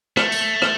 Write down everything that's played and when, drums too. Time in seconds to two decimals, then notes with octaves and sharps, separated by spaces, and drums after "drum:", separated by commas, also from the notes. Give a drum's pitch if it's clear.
0.17 A3, drum: rim click
0.32 drum: tambourine
0.62 drum: rim click